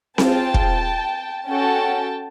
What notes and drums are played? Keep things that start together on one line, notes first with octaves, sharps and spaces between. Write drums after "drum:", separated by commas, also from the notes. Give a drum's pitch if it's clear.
C4 F4 G#4 G5 A5, drum: snare C4
drum: kick
C#4 F#4 A4 G5 A5